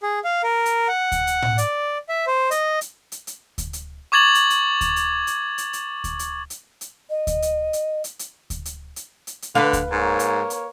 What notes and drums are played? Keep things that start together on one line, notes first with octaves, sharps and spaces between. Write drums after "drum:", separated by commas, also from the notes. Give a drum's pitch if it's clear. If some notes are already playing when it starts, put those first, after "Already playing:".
G#4
F5
A#4
drum: hi-hat
F#5
drum: kick D2, hi-hat
drum: hi-hat
drum: tom A2
D5, drum: hi-hat
E5
C5
D#5, drum: hi-hat
drum: hi-hat
drum: hi-hat
drum: hi-hat
drum: kick D2, hi-hat
drum: hi-hat
C#6 D6 G#6 A6 F#7
drum: hi-hat
drum: hi-hat
drum: kick D2, hi-hat
drum: hi-hat
drum: hi-hat
drum: hi-hat
drum: hi-hat
drum: kick D2, hi-hat
drum: hi-hat
drum: hi-hat
drum: hi-hat
D#5
drum: kick D2, hi-hat
drum: hi-hat
drum: hi-hat
drum: hi-hat
drum: hi-hat
drum: kick D2, hi-hat
drum: hi-hat
drum: hi-hat
drum: hi-hat
drum: hi-hat
D3 B4 F5
drum: kick D2, hi-hat
G#2 A#3 C#5
drum: hi-hat
drum: hi-hat